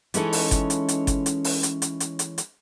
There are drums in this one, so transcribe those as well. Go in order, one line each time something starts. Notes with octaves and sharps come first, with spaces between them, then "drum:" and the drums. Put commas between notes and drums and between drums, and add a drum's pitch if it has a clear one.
E3 G#3 C#4 D#4 E4 A4, drum: hi-hat
drum: open hi-hat
drum: kick G1, hi-hat
drum: hi-hat
drum: hi-hat
drum: kick G1, hi-hat
drum: hi-hat
drum: open hi-hat
drum: hi-hat
drum: hi-hat
drum: hi-hat
drum: hi-hat
drum: hi-hat